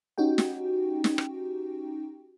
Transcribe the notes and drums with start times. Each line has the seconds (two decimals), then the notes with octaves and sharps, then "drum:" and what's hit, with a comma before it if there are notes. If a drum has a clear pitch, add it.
0.18 C#4 D#4 F#4 G4 G5
0.38 drum: snare
1.04 drum: snare
1.18 drum: rim click